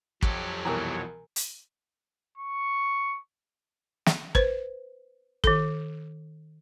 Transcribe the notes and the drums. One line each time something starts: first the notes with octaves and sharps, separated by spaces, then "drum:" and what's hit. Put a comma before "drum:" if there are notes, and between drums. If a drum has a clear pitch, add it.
F2 F#3 G4 A4 C#5, drum: kick
C2 B2 E3 A#4 G#5 A#5
drum: hi-hat
C#6
drum: snare
B4 C5, drum: kick
D#3 A4, drum: kick